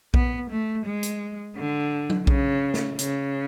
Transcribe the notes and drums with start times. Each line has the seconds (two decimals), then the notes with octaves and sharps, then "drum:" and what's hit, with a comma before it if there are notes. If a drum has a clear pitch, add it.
0.14 B3, drum: kick A#1
0.51 A3
0.86 G#3
1.03 drum: hi-hat
1.57 D3
2.10 drum: tom F#3
2.27 C#3, drum: kick A#1
2.74 drum: snare
2.99 C#3, drum: hi-hat